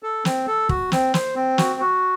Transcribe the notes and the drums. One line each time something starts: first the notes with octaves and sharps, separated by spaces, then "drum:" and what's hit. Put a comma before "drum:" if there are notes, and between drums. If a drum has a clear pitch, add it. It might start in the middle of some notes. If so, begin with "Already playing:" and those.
A4
C4, drum: snare
A4
F#4, drum: kick
C4, drum: snare
C5, drum: snare
C4
F#4, drum: snare
F#4